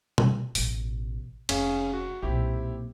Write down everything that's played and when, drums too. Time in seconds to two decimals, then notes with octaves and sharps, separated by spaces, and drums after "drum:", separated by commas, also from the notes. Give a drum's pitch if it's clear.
0.18 drum: tom B2
0.55 A1 B2, drum: open hi-hat
1.49 F1 C#4 G#4 F5, drum: cymbal
1.93 F#4
2.22 B1 A#2 C4 E4 G4